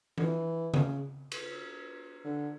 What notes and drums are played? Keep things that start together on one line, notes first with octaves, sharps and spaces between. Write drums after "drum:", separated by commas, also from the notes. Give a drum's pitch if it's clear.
D3, drum: tom E3
E3
C#3, drum: tom C#3
drum: cymbal
D3